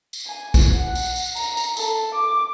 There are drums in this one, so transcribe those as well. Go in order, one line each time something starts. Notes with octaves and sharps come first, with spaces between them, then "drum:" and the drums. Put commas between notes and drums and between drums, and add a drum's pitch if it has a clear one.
drum: tambourine
G#5
drum: kick A#1, tambourine
F#5
drum: tambourine
drum: tambourine
A#5, drum: tambourine
drum: tambourine
A4, drum: tambourine
D6